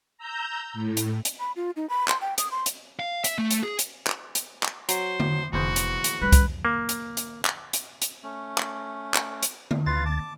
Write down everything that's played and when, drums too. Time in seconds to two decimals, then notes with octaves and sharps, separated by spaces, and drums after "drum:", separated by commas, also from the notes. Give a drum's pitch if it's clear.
0.18 A#5 E6 G6
0.74 A2
0.97 drum: hi-hat
1.25 drum: hi-hat
1.40 B5
1.56 F4
1.76 D#4
1.90 B5
2.08 C6, drum: clap
2.21 G5
2.38 D#6, drum: hi-hat
2.51 C6
2.66 drum: hi-hat
3.00 F5
3.24 E5, drum: hi-hat
3.38 A3
3.51 drum: hi-hat
3.63 G#4
3.79 drum: hi-hat
4.07 drum: clap
4.35 drum: hi-hat
4.63 drum: clap
4.89 F#3 C5, drum: hi-hat
5.20 drum: tom D3
5.53 F1 A#1 E2 F#4 C5
5.76 drum: hi-hat
6.04 drum: hi-hat
6.22 G3 C#4 B4
6.32 drum: kick C2, hi-hat
6.65 A#3
6.89 drum: hi-hat
7.17 drum: hi-hat
7.45 drum: clap
7.73 drum: hi-hat
8.02 drum: hi-hat
8.23 A3 C#4
8.58 drum: clap
9.14 drum: clap
9.43 drum: hi-hat
9.71 drum: tom D3
9.86 D2 F4 B4 F5 A6
10.06 A5 D6